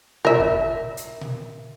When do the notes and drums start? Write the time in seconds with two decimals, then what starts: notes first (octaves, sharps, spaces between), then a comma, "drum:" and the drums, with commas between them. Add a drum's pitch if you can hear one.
0.25 A#4 E5, drum: tom A#2
0.40 drum: kick
0.97 drum: hi-hat
1.21 drum: tom A#2